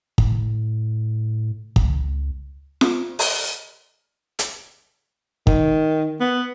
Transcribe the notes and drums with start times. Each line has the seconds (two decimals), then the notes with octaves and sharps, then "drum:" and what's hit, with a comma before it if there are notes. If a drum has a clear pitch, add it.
0.18 A2, drum: kick
1.76 C#2, drum: kick
2.81 drum: snare
3.19 drum: open hi-hat
4.39 drum: hi-hat
5.47 D#3, drum: kick
6.21 B3